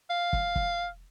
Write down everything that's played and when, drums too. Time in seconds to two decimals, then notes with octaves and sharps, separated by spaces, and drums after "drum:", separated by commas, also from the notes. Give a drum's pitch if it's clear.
0.10 F5
0.33 drum: kick
0.56 drum: kick